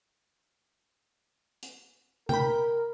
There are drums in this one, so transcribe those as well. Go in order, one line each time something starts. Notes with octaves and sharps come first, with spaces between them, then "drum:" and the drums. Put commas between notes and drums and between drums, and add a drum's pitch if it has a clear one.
drum: hi-hat
A#4 G5 B5, drum: tom C3